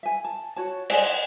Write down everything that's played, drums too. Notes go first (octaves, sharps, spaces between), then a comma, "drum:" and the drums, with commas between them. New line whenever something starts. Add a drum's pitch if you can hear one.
E5 G#5
A5
F#4 C#5 A5
G#4 B4 D#5 G#5, drum: cymbal